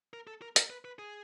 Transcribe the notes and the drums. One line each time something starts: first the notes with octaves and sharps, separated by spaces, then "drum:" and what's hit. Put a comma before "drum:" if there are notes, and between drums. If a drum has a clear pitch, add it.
A#4
A4
A#4
A#4, drum: hi-hat
B4
B4
G#4